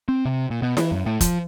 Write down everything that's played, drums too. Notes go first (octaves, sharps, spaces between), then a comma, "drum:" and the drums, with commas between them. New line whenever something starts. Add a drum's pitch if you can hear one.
C4
C3
A#2
B2
E3, drum: snare E4
F#2
A2
F3, drum: kick F1, hi-hat